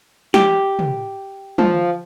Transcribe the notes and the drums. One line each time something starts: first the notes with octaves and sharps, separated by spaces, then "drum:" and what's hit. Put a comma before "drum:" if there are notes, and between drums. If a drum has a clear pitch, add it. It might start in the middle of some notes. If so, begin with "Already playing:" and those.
G4, drum: snare
drum: tom
F3, drum: tom